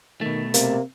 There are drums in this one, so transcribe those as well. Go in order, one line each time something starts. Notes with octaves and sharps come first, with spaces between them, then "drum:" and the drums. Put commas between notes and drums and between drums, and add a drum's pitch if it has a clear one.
B2 D#3 A3
C3 A#3, drum: hi-hat